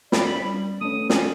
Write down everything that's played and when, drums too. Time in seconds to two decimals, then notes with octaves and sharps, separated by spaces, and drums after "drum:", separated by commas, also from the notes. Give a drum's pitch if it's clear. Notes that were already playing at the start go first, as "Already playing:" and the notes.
0.12 D5 B5, drum: snare
0.27 C#4 B5
0.41 G3
0.81 A3 B3 C#4 D#6
1.10 C#4 D#4 A4 F#7, drum: snare